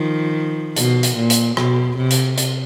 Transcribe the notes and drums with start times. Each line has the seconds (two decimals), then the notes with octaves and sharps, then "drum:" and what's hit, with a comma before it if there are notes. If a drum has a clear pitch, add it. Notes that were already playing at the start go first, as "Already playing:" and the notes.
Already playing: D#3 F3
0.76 B2, drum: hi-hat
1.03 drum: hi-hat
1.17 A#2
1.30 drum: hi-hat
1.57 B2, drum: rim click
1.97 C3
2.11 drum: hi-hat
2.38 drum: hi-hat